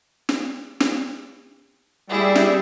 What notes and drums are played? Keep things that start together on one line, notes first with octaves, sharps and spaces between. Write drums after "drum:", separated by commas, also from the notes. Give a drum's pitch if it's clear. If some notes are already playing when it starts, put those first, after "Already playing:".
drum: snare
drum: snare
G3 E4 G#4 E5
drum: snare